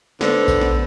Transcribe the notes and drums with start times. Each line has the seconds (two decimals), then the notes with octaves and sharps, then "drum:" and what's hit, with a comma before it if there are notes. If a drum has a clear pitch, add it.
0.21 D3 B3 B4 C5, drum: snare
0.48 drum: kick A#1, tambourine
0.61 drum: snare